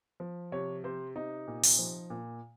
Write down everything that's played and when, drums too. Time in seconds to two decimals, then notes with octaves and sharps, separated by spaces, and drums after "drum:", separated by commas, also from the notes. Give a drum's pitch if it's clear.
0.20 F3
0.52 C3 C#5
0.84 C3 C5
1.15 C3 D#4
1.47 A#2
1.64 drum: open hi-hat
1.79 F3
2.10 A#2